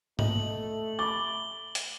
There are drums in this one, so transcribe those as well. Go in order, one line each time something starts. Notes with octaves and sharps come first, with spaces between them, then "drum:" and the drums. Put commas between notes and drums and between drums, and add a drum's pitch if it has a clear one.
A3 D#5 F#7, drum: tom G#2
B5 D6 A6 G7
drum: hi-hat